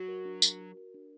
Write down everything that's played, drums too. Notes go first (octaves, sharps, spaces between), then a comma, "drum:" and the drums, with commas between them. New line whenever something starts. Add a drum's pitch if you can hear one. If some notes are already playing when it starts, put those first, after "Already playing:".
Already playing: F#3 F#4
A#4
D4
A#4, drum: tambourine
F#4
A#4
D4